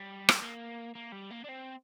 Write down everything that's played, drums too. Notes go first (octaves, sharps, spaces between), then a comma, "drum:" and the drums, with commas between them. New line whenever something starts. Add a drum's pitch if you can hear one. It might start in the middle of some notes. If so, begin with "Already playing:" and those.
Already playing: G3
drum: rim click
A#3
A#3
G3
A#3
D4
C4